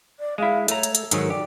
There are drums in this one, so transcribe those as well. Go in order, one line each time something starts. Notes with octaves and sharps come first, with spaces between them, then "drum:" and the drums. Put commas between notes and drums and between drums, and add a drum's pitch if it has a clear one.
D5
G#3 E4 F5
A3 C#5 A#5, drum: hi-hat
drum: hi-hat
A4, drum: hi-hat
G#2 D#3 F#3, drum: hi-hat
G4 D5